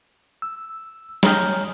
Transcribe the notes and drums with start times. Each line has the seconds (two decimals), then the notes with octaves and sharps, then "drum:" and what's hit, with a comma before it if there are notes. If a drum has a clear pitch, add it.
0.42 E6
1.23 C#5 G#5 A#5 D#6 F6 G6, drum: snare